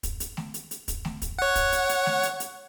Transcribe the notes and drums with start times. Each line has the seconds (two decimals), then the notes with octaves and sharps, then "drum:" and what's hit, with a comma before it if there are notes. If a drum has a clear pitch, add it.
0.03 drum: kick, hi-hat
0.20 drum: hi-hat
0.37 drum: snare A3
0.54 drum: hi-hat
0.71 drum: hi-hat
0.88 drum: kick, hi-hat
1.05 drum: snare A3
1.22 drum: kick, hi-hat
1.39 C#5 F#5
1.55 drum: kick, hi-hat
1.72 drum: hi-hat
1.89 drum: hi-hat
2.06 drum: snare A3
2.23 drum: hi-hat
2.40 drum: hi-hat